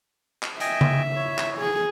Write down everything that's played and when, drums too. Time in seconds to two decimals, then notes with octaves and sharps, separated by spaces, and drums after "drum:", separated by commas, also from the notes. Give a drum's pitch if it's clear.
0.43 drum: clap
0.60 D#5 E5 G5 G#5, drum: hi-hat
0.81 drum: tom C#3
1.16 E4 C#5
1.38 drum: clap
1.58 G#4